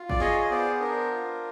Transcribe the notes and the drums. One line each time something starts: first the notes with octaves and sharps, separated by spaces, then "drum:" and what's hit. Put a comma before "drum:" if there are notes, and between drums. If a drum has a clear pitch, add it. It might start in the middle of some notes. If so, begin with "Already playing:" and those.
Already playing: F4
D5, drum: kick
G#4 C#5 D#5, drum: snare
D#5
B3 C5 D5
D4 A#4 C5
F4